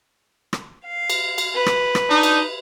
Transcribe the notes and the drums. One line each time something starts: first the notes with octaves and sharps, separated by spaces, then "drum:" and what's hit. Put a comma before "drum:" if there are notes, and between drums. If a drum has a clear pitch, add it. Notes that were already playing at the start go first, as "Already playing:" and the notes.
drum: rim click
F5
drum: cymbal
drum: cymbal
B4
drum: rim click
drum: rim click
D4 D#4
drum: cymbal